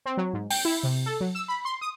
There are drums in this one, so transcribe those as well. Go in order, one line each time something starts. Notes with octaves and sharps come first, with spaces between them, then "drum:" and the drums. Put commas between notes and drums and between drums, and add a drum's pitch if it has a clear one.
C4
F#3
G#2
G5, drum: open hi-hat
E4
C3
A4
F#3
E6
B5
C6
D#6